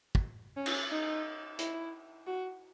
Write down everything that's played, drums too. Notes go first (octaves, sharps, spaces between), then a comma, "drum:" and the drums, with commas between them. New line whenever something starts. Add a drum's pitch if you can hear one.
drum: kick
C#4
drum: cymbal
D#4
E4, drum: hi-hat
F#4